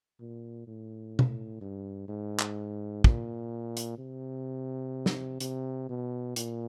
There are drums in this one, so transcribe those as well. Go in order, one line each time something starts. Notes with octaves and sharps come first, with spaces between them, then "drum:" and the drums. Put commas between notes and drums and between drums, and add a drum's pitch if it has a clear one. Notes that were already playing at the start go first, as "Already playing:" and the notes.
A#2
A2
drum: tom
G2
G#2
drum: clap
A#2, drum: kick
drum: hi-hat
C3
drum: snare
C3, drum: hi-hat
B2
A#2, drum: hi-hat